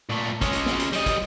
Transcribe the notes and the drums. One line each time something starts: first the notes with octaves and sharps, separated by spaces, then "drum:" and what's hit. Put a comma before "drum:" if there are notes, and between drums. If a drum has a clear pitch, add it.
A#2 A3
G#3 C#4, drum: kick, hi-hat
drum: hi-hat
drum: snare
drum: hi-hat
G3 D#5, drum: hi-hat
drum: kick, hi-hat